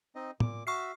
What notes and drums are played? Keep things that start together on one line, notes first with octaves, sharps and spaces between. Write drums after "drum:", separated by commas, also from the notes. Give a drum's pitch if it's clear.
C4 D#4 D#5
A#2 D6, drum: tom
F#4 E5 C#6 E6 F6 C7